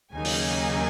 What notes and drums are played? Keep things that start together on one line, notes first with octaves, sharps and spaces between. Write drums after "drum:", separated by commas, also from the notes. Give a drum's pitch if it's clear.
D#2 C#3 F#3 A#3 D#4 G#5
drum: open hi-hat